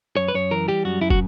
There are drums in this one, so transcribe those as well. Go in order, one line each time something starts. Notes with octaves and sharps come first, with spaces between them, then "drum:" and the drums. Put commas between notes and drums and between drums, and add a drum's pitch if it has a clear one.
F#2 C#5
B4
F#2 C#5
E3 A#4
G3 G4
F#2 F#4
F#2 E4
F#4, drum: kick